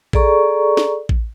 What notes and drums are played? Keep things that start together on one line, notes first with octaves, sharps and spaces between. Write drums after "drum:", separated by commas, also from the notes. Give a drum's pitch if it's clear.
G#4 A4 D5 A#5 C#6, drum: kick A1
drum: snare
drum: kick A1